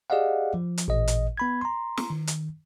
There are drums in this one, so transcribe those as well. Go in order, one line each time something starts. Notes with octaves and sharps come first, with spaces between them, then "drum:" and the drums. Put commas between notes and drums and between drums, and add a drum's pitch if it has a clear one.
G4 G#4 D5 D#5 F5 F#5
F3
drum: hi-hat
A1 A#2 D#5
drum: hi-hat
B3 B5 G#6
A#5 C6
drum: snare
D#3
drum: hi-hat